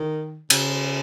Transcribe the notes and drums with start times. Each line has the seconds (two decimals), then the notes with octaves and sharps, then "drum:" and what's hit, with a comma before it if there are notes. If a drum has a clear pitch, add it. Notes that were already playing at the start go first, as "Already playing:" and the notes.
Already playing: D#3
0.50 C#3, drum: cymbal